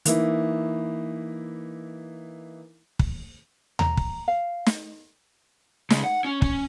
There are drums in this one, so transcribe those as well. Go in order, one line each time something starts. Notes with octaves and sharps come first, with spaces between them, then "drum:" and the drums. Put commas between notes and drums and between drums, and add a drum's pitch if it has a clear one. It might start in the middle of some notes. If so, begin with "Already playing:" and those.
E3 A#3 D#4 E4, drum: hi-hat
drum: kick
A#5, drum: tom D#2
drum: kick
F5
drum: snare
C#3 G#3, drum: snare
F#5
C#4
C#4, drum: kick